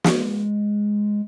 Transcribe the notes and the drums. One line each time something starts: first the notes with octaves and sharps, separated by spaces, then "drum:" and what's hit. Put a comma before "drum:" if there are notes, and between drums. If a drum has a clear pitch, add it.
drum: snare
G#3